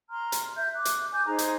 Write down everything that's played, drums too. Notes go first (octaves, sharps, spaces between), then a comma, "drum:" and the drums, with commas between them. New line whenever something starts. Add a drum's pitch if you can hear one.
A#5 C6 F6
drum: hi-hat
E5 G6
D6 F#6
drum: hi-hat
G#5 D6 G6
D#4 G#4 C5 A#5
drum: hi-hat